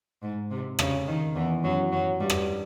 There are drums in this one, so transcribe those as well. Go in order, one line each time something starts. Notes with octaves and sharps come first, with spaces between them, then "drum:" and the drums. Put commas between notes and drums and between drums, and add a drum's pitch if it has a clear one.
G#2
C3
C#3, drum: rim click
D#3
E2 E3
F#2 F#3
F#2 F#3
G2 G3
drum: rim click